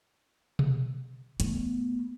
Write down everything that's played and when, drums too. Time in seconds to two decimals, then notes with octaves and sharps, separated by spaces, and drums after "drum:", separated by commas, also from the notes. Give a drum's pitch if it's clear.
0.59 drum: tom B2
1.40 A3 B3, drum: hi-hat